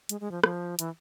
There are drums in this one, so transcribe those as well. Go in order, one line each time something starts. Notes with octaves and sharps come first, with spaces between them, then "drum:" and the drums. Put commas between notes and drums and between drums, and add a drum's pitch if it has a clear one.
G#3, drum: hi-hat
G#3
F3
F3, drum: rim click
E3, drum: hi-hat